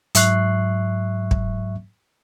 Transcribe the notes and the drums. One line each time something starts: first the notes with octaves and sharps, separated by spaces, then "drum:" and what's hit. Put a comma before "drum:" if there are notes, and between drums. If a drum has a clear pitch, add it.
G#2 F#3 E5 C#6 F#6 C7, drum: hi-hat
drum: kick